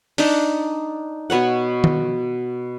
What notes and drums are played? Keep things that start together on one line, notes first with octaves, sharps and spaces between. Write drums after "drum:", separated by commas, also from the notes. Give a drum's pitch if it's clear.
D4 D#4, drum: open hi-hat
B2 B3 C#5 F#5
drum: tom D#3